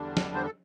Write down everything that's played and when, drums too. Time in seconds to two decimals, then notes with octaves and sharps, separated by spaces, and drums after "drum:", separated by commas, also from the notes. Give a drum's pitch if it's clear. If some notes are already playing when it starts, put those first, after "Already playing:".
Already playing: E2 D3 G3 D4
0.17 drum: snare
0.35 C5
0.43 A4